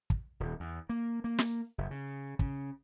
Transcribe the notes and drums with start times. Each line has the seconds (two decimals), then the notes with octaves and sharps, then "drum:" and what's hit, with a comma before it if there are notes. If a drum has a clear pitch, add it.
0.10 drum: kick
0.40 D#1
0.60 E2
0.89 A#3
1.24 A#3
1.38 drum: snare
1.78 F#1
1.91 C#3
2.39 C#3, drum: kick